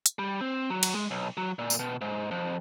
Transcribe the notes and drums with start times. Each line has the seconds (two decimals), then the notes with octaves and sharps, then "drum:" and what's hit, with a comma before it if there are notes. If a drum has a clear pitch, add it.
0.06 drum: hi-hat
0.19 G3
0.41 C4
0.70 F#3
0.83 drum: cymbal
0.95 G#3
1.11 B1
1.37 F#3
1.59 A#2
1.70 drum: tambourine
1.79 B2
2.01 G#2
2.31 F2